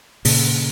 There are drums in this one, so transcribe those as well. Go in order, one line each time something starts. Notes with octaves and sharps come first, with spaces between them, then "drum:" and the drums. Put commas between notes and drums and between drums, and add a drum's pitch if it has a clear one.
A#2 C#3, drum: open hi-hat